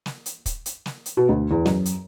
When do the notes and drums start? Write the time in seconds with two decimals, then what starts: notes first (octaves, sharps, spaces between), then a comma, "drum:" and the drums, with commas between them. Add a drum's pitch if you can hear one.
0.06 drum: snare
0.26 drum: hi-hat
0.46 drum: kick, hi-hat
0.66 drum: hi-hat
0.86 drum: snare
1.06 drum: hi-hat
1.17 B2
1.29 D2
1.51 E2
1.66 F#2, drum: snare
1.86 drum: hi-hat